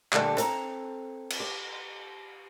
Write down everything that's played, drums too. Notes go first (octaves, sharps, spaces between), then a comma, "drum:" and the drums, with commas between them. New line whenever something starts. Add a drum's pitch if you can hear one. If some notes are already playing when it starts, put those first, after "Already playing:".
A#2 D3 G3 A3 G4 A4, drum: clap
C4 A4 A#5, drum: hi-hat
drum: cymbal
G4